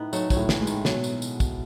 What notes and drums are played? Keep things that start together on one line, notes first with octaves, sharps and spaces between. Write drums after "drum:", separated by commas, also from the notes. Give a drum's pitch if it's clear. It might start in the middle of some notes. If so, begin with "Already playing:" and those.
Already playing: A2 B3 D#4
F#3 A3 D#4, drum: tambourine
F#3, drum: kick, tambourine
A2
E3, drum: snare
G#3
D#3, drum: tambourine
B2 F#3, drum: snare
drum: tambourine
drum: tambourine
drum: kick, tambourine